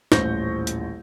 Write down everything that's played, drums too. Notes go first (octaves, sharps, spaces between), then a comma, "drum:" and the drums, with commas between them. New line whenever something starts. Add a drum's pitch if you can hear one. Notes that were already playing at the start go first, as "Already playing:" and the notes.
D#1 A1 C5 C#6 G6 A#6, drum: snare
drum: hi-hat